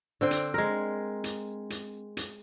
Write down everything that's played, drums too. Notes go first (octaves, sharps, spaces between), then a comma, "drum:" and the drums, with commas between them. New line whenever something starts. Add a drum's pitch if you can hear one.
D3 C4 G5
drum: hi-hat
G#3 A#4
drum: hi-hat
drum: hi-hat
drum: hi-hat